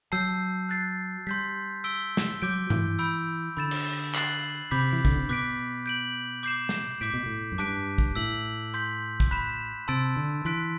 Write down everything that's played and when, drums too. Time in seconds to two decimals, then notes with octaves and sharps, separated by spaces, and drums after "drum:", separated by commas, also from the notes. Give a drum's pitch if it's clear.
0.12 F#3 A5 E6 G6 C7
0.69 F#6 A6 C7
1.27 G3 C6 G6 B6
1.84 E6 B6 D7 G7
2.17 drum: snare
2.42 F#3 D6 G6 D7
2.70 E3, drum: tom G2
2.99 B5 E6 G6 D7
3.57 D3 B5 E6 A6 E7
3.71 drum: cymbal
4.14 F#6 A6 C7 F#7, drum: clap
4.71 C3 B5 D6 G6 B6, drum: open hi-hat
4.92 E3
5.05 D3, drum: kick
5.17 C3
5.29 B2 D6 F#6 B6 D7
5.86 G6 D7 F#7
6.43 D6 G6 C7 E7
6.69 drum: snare
7.01 A2 D6 G6 B6 D7
7.14 B2
7.26 A2
7.52 F#2
7.58 G2 A5 D6 F#6 B6 D7
7.98 drum: kick
8.15 A2 E6 B6 F#7
8.74 C6 G6 B6
9.20 drum: kick
9.31 B5 F#6 B6 E7
9.88 C3 A5 C6 E6 A6 D7
10.16 D3
10.45 E3 C6 F#6 B6 D7